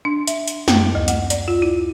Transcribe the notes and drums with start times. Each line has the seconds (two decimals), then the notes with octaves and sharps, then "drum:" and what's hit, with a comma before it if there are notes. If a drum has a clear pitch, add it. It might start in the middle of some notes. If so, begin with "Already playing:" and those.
0.05 D4
0.27 E5, drum: hi-hat
0.48 drum: hi-hat
0.68 F#2, drum: snare
0.95 D2
1.08 F#5, drum: hi-hat
1.30 D5, drum: hi-hat
1.48 F4
1.62 E4